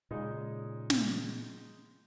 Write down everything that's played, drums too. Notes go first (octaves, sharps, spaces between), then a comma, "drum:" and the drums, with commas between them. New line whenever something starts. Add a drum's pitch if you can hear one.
A#2 C#3 G#3 D#4
drum: snare